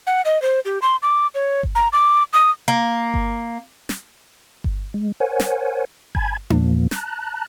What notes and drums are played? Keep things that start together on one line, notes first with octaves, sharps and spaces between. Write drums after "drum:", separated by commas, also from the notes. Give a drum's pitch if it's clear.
F#5
D#5
C5
G4
C6
D6
C#5
drum: kick G1
A#5
D6
D#6
A#3
drum: kick G1
drum: snare
drum: kick G1
G#3
A#4 C5 C#5 F#5 G#5
drum: snare
G#5 A5 B5 G#6, drum: kick G1
E2 A#2 F3 A#3, drum: tom D4
A5 A#5 F#6, drum: snare